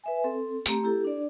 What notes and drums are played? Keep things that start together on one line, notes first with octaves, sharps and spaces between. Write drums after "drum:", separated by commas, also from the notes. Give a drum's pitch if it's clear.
B4 E5 G#5
C4 A4
A3 C4 G4 A#5, drum: tambourine
E4 G4 A4
D4 D5